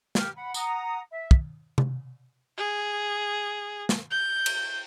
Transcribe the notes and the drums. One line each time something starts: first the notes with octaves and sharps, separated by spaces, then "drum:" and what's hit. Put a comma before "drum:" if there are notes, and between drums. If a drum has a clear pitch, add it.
G4 F6, drum: snare
F#5 B5
F#5 A#5 D#6, drum: tambourine
E5
drum: kick
drum: tom C3
G#4
drum: snare
G6
drum: cymbal